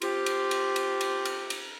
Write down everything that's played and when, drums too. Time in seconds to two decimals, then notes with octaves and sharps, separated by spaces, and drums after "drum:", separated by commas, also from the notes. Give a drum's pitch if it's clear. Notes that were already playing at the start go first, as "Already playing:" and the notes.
0.02 C4 F4 G4, drum: cymbal
0.26 drum: cymbal
0.51 drum: cymbal
0.76 drum: cymbal
1.01 drum: cymbal
1.25 drum: cymbal
1.50 drum: cymbal